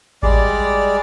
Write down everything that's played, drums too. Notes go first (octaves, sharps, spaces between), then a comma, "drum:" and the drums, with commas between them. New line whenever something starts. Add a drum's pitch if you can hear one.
G3 G#3 D5, drum: kick G#1